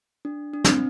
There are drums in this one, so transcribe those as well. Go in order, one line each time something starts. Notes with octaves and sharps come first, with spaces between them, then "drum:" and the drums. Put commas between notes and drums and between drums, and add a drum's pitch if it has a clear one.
D4
D4
C4, drum: snare
D4